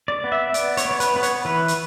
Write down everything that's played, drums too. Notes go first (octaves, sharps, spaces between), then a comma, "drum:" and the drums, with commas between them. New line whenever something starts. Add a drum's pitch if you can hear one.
D5
B3
E5
B3 D5, drum: hi-hat
C#5, drum: hi-hat
B3
C#5
B4, drum: hi-hat
B3 B4
C#5, drum: hi-hat
E3 B4
drum: hi-hat